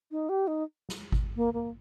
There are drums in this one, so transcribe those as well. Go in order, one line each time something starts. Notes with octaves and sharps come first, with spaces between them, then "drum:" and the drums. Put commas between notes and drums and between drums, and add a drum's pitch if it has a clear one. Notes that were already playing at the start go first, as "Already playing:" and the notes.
D#4
G4
D#4
drum: snare
drum: kick G#1
A#3
A#3